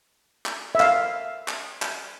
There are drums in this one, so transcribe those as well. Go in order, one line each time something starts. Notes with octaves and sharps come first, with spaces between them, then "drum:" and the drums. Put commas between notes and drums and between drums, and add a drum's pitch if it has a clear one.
drum: clap
E5
F5, drum: clap
drum: clap
drum: clap